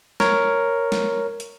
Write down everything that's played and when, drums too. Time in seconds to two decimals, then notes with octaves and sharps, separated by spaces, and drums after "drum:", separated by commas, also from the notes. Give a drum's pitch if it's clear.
0.20 A#4 C#5, drum: snare G#3
0.92 drum: snare G#3
1.40 drum: hi-hat